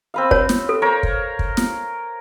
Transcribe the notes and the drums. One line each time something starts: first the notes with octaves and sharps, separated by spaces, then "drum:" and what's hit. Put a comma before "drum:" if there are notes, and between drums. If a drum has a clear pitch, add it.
C4 B4 F5
C#5, drum: kick
drum: snare
A4
A#4 C5 C#5
drum: kick
drum: kick
drum: snare